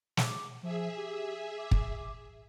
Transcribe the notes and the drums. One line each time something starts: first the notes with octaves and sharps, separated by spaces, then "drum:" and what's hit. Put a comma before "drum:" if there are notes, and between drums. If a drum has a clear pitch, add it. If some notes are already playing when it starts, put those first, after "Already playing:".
D6, drum: snare
F3 G#4 E5
G4
D6
drum: kick